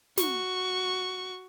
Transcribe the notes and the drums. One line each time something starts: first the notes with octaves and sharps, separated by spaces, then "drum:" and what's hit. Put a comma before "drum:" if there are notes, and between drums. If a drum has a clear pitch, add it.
F#4 C#6, drum: snare